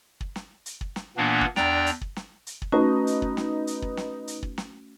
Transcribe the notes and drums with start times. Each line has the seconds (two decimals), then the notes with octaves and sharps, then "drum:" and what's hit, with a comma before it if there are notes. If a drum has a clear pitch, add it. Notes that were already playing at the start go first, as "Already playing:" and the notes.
0.21 drum: kick
0.36 drum: snare
0.66 drum: hi-hat
0.81 drum: kick
0.96 drum: snare
1.17 A#2 E3 A#3 B3 D4
1.41 drum: kick
1.56 E2 D4 D5 G5 A#5, drum: snare
1.86 drum: hi-hat
2.01 drum: kick
2.16 drum: snare
2.47 drum: hi-hat
2.62 drum: kick
2.72 A3 C#4 D#4 F#4 B4
3.07 drum: hi-hat
3.22 drum: kick
3.37 drum: snare
3.67 drum: hi-hat
3.82 drum: kick
3.97 drum: snare
4.27 drum: hi-hat
4.43 drum: kick
4.58 drum: snare